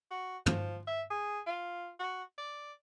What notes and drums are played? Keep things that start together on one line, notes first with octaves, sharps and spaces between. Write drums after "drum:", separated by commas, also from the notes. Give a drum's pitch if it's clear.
F#4
F3, drum: tom
E5
G#4
F4
F#4
D5